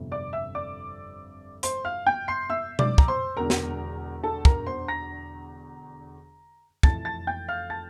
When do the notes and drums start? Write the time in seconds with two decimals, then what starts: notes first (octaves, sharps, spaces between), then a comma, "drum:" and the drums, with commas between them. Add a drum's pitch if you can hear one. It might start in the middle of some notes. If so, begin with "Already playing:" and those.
Already playing: G1 F2 C3
0.12 D5 D6
0.33 E5 E6
0.55 D5 D6
1.63 C5 C6, drum: hi-hat
1.85 F5 F6
2.06 G5 G6
2.28 C6 C7
2.50 E5 E6
2.79 D5 D6, drum: tom B2
2.98 A#5, drum: kick
3.08 C5 C6
3.36 E1 E2 D3 A#4 A#5
3.50 drum: snare
4.23 A4 A5
4.45 A#4 A#5, drum: kick
4.66 C5 C6
4.88 A#5 A#6
6.83 F1 F2 E3 A5 A6, drum: kick
7.05 A5 A6
7.27 G5 G6
7.48 F5 F6
7.70 A5 A6